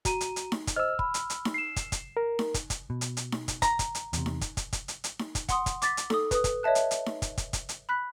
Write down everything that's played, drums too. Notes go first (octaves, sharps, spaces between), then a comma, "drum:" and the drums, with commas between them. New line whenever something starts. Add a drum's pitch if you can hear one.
F#4 A#5 D#7, drum: kick, hi-hat
drum: hi-hat
drum: hi-hat
drum: snare D#4
drum: kick, hi-hat
C5 D#5 E6 F6
B5, drum: kick
drum: hi-hat
drum: hi-hat
drum: snare D#4
C7 E7
drum: kick, hi-hat
drum: kick, hi-hat
A#4
drum: snare D#4
drum: kick, hi-hat
drum: kick, hi-hat
B2
drum: hi-hat
drum: hi-hat
drum: snare D#4
drum: kick, hi-hat
A#5, drum: kick, hi-hat
drum: kick, hi-hat
drum: hi-hat
E2 C3, drum: hi-hat
drum: snare D#4
drum: kick, hi-hat
drum: kick, hi-hat
drum: kick, hi-hat
drum: hi-hat
drum: hi-hat
drum: snare D#4
drum: kick, hi-hat
F#5 C6 D#6, drum: kick, hi-hat
drum: kick, hi-hat
D6 A6 B6, drum: hi-hat
drum: hi-hat
A4 D#6, drum: snare D#4
B4 D#6, drum: kick, hi-hat
drum: kick, hi-hat
C#5 D#5 E5 A5 F#6
drum: hi-hat
drum: hi-hat
drum: snare D#4
drum: kick, hi-hat
drum: kick, hi-hat
drum: kick, hi-hat
drum: hi-hat
B5 F#6 B6